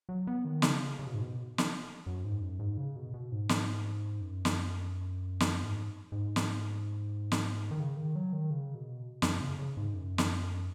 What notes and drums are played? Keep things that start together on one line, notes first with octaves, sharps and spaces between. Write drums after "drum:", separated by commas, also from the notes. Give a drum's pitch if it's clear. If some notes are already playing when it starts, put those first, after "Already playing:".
F#3
B3
D#3
C#3, drum: snare
C#3
B2
G#2
B2
drum: snare
F#2
G#2
F#2
G#2
C#3
B2
B2
G#2
drum: snare
F#2
drum: snare
drum: snare
G#2
G#2
drum: snare
drum: snare
D#3
C#3
D#3
F#3
D#3
C#3
B2
F#2, drum: snare
C#3
C#3
G#2
F#2
drum: snare